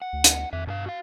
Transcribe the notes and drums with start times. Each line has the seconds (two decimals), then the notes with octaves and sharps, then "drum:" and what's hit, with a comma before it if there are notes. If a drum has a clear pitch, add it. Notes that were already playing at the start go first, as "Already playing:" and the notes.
0.02 F#5
0.13 D2
0.24 drum: hi-hat
0.53 F2 D#3 E5
0.67 G2 B2 A4 F5
0.86 F#4 F5